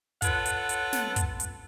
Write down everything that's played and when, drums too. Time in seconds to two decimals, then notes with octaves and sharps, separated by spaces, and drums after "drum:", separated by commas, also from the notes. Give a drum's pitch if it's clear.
0.22 F4 A4 B4 C#5 F#5, drum: kick, hi-hat
0.46 drum: hi-hat
0.69 drum: hi-hat
0.93 drum: snare
1.16 drum: kick, hi-hat
1.40 drum: hi-hat